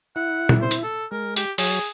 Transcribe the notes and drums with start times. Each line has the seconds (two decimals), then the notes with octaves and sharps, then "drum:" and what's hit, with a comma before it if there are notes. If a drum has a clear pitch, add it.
0.16 E4 F#5
0.49 drum: tom A#2
0.62 C5
0.71 drum: hi-hat
0.83 A4
1.11 G#3 A#4
1.36 G4, drum: hi-hat
1.58 F#3 G#4 C#5, drum: open hi-hat